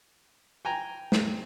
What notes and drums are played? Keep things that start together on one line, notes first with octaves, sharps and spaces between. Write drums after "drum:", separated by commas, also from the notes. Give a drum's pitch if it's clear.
G5 G#5 A#5
drum: snare